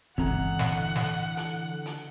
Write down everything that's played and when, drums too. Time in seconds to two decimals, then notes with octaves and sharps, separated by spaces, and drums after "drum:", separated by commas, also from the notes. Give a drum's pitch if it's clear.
0.18 G1 C#2 D3 E3 C4 E4 F#5 A#5, drum: kick
0.59 drum: snare
0.96 drum: snare
1.37 drum: hi-hat
1.86 drum: hi-hat